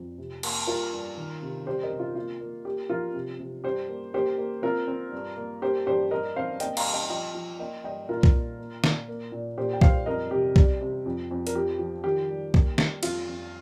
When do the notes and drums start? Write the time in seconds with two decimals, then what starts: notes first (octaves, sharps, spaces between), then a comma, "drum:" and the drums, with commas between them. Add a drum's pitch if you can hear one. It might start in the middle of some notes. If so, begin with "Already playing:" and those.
Already playing: F2
0.18 C3
0.43 A#3, drum: cymbal
0.67 G3 F4 A#4
0.93 G2
1.17 D#3
1.42 C3
1.67 G3 G4 C5
1.83 A#4 D#5
1.91 C3
2.00 F4
2.16 A#3 F4
2.41 A#3
2.65 A#3 G4
2.89 F3 F4 A#4
3.14 C3
3.39 C3
3.64 G2 G4 C5
3.89 A#3
4.14 A#3 G4 C5
4.38 A#3
4.62 C4 F4 A#4
4.88 C4
5.12 G2
5.37 A#3
5.62 A#3 G4 C5
5.86 G2 G4 C5
6.11 G3 A#4 D#5
6.36 C4 C5 F5
6.60 A#3 D#5 G5, drum: hi-hat
6.77 F5 A#5, drum: cymbal
6.85 G3
6.93 D#5 G5
7.10 F3 D#5 G5
7.35 F3
7.59 A#3 D#5 G5
7.84 G2 D#5 G5
8.09 A#2 F4 A#4
8.23 drum: kick B1
8.33 A#2
8.59 A#3
8.84 A#2, drum: snare
9.08 A#3
9.32 A#2
9.58 A#2 G4 C5
9.73 G5
9.81 G3 C5 F5, drum: kick B1
10.06 F2 A#4 D#5
10.31 C3 G4
10.56 G3, drum: kick B1
10.81 C3
11.06 F2
11.31 F2
11.47 A#4, drum: hi-hat
11.54 F3 G4
11.79 F3
12.04 D#3 G4
12.29 G3
12.54 A#3, drum: kick B1
12.78 G3, drum: snare
13.03 F2 F4, drum: cymbal
13.28 F2